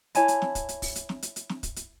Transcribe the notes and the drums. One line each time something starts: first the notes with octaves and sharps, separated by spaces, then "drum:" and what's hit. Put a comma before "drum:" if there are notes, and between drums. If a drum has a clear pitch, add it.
E4 C#5 G#5 A5, drum: hi-hat
drum: hi-hat
drum: snare
drum: kick, hi-hat
drum: hi-hat
drum: kick, open hi-hat
drum: hi-hat
drum: snare
drum: hi-hat
drum: hi-hat
drum: snare
drum: kick, hi-hat
drum: hi-hat